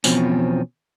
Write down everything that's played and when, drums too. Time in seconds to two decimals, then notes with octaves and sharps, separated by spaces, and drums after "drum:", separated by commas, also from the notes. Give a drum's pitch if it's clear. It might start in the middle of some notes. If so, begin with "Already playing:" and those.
0.04 E2 B2 F3 C4 C#4, drum: tambourine